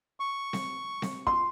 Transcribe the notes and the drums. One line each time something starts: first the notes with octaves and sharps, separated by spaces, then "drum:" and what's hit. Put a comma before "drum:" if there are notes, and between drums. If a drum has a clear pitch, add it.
C#6
drum: snare C4
drum: snare C4
C6, drum: kick